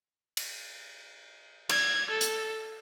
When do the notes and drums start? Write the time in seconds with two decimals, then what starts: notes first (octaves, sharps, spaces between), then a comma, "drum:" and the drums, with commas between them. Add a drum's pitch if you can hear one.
0.37 drum: cymbal
1.69 G#6, drum: cymbal
2.10 A4
2.21 drum: hi-hat